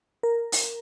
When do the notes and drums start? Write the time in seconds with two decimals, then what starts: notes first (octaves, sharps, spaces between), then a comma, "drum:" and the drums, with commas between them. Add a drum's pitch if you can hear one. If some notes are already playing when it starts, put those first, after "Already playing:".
0.23 A#4
0.52 drum: open hi-hat